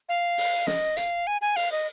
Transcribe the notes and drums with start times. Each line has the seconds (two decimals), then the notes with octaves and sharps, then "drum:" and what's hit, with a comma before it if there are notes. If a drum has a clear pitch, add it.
0.09 F5
0.38 drum: open hi-hat
0.67 D#5, drum: snare
0.97 F5, drum: hi-hat
1.27 G#5
1.41 G#5
1.56 F5, drum: open hi-hat
1.72 D#5